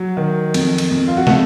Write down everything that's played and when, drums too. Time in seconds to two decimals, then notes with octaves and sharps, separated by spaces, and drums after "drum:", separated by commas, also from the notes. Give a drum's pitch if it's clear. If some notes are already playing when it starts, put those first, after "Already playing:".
Already playing: F#3
0.17 D#3
0.54 F2, drum: cymbal
0.78 drum: cymbal
0.91 F2
1.08 F4
1.17 F#4
1.27 C3 A3 A4, drum: snare